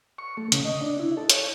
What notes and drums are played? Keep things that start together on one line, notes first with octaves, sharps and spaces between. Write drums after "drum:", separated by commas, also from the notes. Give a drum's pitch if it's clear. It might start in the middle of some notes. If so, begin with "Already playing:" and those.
C#6
A3
C#3, drum: hi-hat
D#5
D4
E4
A4
C#5, drum: hi-hat